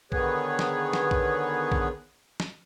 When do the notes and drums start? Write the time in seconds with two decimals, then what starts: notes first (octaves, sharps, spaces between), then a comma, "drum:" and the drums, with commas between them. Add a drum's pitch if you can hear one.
0.12 D3 D#3 B3 G#4 B4 C#5, drum: kick A#1
0.59 drum: snare
0.93 drum: snare
1.11 drum: kick A#1
1.72 drum: kick A#1
2.40 drum: snare